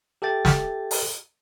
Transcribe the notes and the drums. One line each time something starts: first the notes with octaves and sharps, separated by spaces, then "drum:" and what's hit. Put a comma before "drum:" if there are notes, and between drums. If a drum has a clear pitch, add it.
G4 A4 E5 G5 A6
drum: snare
drum: open hi-hat